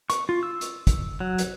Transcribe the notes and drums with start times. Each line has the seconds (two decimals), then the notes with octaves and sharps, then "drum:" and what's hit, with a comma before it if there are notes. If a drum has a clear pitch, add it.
0.10 C#6, drum: hi-hat
0.29 F4
0.43 E6
0.61 drum: hi-hat
0.87 drum: kick, hi-hat
1.20 F#3
1.38 drum: hi-hat